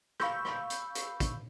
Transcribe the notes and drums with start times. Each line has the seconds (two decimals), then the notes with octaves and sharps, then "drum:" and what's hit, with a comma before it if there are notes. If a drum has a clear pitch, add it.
0.20 F5 B5 C#6 E6 G6, drum: rim click
0.45 drum: rim click
0.70 drum: hi-hat
0.95 drum: hi-hat
1.20 drum: kick, hi-hat